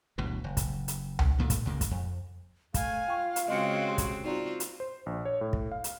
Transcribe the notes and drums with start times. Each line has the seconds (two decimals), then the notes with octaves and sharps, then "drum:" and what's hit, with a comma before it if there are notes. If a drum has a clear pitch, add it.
0.18 G1 D2 B2 E3
0.44 F#1
0.57 drum: kick, hi-hat
0.88 drum: hi-hat
1.19 drum: tom C#2
1.39 D2 A#2 A3
1.50 drum: kick, hi-hat
1.65 C#2 A#2 C#3 A#3
1.81 drum: kick, hi-hat
1.91 F2
2.74 A3 F5 G#5, drum: kick, hi-hat
3.08 F4 G5 C#6
3.36 drum: hi-hat
3.48 C#3 G#3 C4 F#4 D#5 C6 C#7
3.88 G4 C6
3.98 drum: kick, hi-hat
4.24 C4 D#4 F4 F#4 D5 A#5
4.60 drum: hi-hat
4.80 C5
5.06 A#1
5.25 C#5
5.41 A2
5.53 drum: kick
5.72 F5
5.84 drum: hi-hat